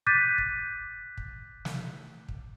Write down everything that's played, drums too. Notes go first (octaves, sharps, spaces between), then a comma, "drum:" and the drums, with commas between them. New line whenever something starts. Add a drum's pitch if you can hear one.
D6 F#6 G6 A6 B6 D#7
drum: kick
drum: kick
drum: snare
drum: kick